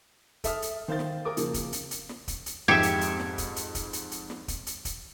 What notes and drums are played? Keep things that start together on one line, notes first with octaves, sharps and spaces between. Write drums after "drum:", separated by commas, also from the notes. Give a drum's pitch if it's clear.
A4 E5 D#6 F6, drum: kick, hi-hat
drum: hi-hat
D#3 C5 F5 G6 A6
drum: snare
A#4 D6 D#6
F2 C#3 F3 A#3, drum: hi-hat
drum: kick, hi-hat
drum: hi-hat
drum: hi-hat
drum: snare
drum: kick, hi-hat
drum: hi-hat
F2 G#2 G4 E5 G#6 C#7
drum: hi-hat
drum: hi-hat
drum: snare
drum: kick, hi-hat
drum: hi-hat
drum: kick, hi-hat
drum: hi-hat
drum: hi-hat
drum: snare
drum: kick, hi-hat
drum: hi-hat
drum: kick, hi-hat